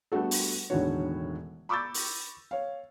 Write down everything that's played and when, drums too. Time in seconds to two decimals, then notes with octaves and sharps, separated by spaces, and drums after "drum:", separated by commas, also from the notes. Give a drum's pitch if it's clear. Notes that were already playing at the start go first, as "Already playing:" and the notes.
0.12 G3 A3 B3 D4 F#4 A4
0.31 drum: open hi-hat
0.70 E1 A2 D3 D#3 F#4 C#5
1.69 B5 C#6 D6 E6 G6 A6
1.94 drum: open hi-hat
2.51 C#5 F5